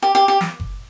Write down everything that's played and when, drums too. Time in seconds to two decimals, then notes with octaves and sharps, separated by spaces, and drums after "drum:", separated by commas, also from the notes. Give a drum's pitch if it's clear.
0.03 G4
0.15 G4
0.28 G4
0.41 drum: snare
0.60 drum: kick F#1